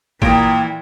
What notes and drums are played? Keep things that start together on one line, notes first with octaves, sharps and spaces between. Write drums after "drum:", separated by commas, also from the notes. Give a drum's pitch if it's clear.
A#2 E3 G5 A#5 D#6, drum: kick